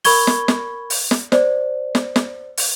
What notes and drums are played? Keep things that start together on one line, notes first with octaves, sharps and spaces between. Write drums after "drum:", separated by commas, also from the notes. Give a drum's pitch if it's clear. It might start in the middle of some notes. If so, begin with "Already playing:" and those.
A#4 B5 C#6 G#6 G7, drum: open hi-hat
drum: snare
drum: snare
drum: open hi-hat
drum: snare
C5 D5, drum: snare
drum: snare
drum: snare
drum: open hi-hat